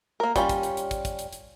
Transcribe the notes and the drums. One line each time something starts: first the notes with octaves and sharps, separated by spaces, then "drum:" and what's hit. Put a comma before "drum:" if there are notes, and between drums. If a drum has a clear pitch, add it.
A#3 A#4
G3 C#4 F4, drum: kick, hi-hat
drum: kick, hi-hat
drum: hi-hat
drum: hi-hat
drum: kick, hi-hat
drum: kick, hi-hat
drum: hi-hat
drum: hi-hat